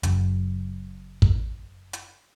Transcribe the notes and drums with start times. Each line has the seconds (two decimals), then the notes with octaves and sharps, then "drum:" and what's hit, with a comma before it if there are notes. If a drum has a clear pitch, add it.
0.03 F#1 F#2, drum: hi-hat
1.22 drum: kick
1.93 drum: hi-hat